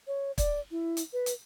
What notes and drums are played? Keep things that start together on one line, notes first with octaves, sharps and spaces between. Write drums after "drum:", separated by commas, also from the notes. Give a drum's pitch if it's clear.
C#5
D5, drum: kick, hi-hat
E4
drum: hi-hat
B4
drum: hi-hat